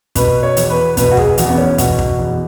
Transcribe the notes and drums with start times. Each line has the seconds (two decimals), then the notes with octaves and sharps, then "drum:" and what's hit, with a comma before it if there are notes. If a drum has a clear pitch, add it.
0.15 B2 B4, drum: kick, hi-hat
0.43 C#5
0.57 E2, drum: hi-hat
0.70 B4
0.97 B2 B4, drum: kick, hi-hat
1.12 F#4
1.17 G#4, drum: kick
1.38 E2 F#4, drum: hi-hat
1.49 B3
1.58 C#4
1.78 B2 F#4, drum: kick, hi-hat
1.99 drum: kick
2.19 E2